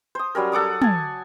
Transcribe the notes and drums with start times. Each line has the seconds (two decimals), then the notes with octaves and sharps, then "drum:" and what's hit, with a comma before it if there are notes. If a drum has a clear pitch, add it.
0.15 C5 D#6
0.35 F#3 G3 C#4 A#4
0.52 A4 F#5 D6 D#6
0.82 G#5 A5, drum: tom